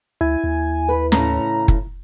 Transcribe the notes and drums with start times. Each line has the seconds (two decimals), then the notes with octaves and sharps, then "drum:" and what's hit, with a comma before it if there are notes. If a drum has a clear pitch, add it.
0.21 D2 E4 G#5
0.44 D#2
0.89 B4
1.12 A2 C#3 C#4 A#5, drum: snare
1.68 drum: kick